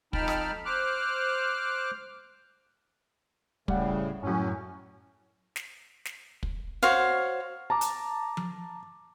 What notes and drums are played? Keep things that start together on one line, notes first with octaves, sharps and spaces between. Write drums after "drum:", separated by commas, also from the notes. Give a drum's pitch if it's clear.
F2 D#4 G5 A5 B5 F6, drum: kick
drum: rim click
C5 D6 F6 F#6
A2 C#3 G3 F#5, drum: kick
F#2 A2 C#4
drum: snare
drum: snare
drum: kick
F#4 C5 C#5 F5
A5 A#5 D6
drum: hi-hat
drum: tom F3